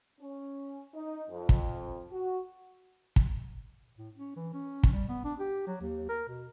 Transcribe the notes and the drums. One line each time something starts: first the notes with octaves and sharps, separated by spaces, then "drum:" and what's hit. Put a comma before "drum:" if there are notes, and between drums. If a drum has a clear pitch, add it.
C#4
D#4
F2
drum: kick
F#4
drum: kick
A2
C#4
E3
C#4
drum: kick
G3
B3
D4
G4
F#3
D#2
A#4
B2